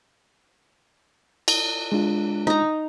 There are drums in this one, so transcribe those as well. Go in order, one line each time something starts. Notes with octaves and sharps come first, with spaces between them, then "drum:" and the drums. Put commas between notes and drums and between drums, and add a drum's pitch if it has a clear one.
drum: cymbal
G#3 D4 F4
D#4 A#5